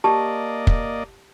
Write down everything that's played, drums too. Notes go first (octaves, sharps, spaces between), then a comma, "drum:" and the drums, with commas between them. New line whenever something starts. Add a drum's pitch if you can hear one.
A#3 G4 D5 D#5 A5
drum: kick